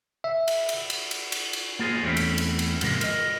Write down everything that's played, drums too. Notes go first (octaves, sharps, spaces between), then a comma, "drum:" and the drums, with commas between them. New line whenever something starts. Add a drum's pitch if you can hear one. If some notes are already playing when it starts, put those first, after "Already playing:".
E5
drum: cymbal
drum: cymbal
drum: cymbal
drum: cymbal
drum: cymbal
drum: cymbal
A#3 F4 G#4 A#4 C5
E2 A3 C4 C#4 E4
drum: cymbal
drum: cymbal
drum: cymbal
G#2 C3 F3 G3 G#3 A#3, drum: cymbal
A#4 D#5, drum: cymbal